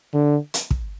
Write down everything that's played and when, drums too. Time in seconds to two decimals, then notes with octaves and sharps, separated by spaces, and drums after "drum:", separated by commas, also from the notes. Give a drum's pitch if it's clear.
0.14 D3
0.54 drum: hi-hat
0.71 drum: kick